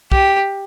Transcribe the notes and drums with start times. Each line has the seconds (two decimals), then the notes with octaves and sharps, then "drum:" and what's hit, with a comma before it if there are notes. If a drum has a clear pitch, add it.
0.12 G4, drum: kick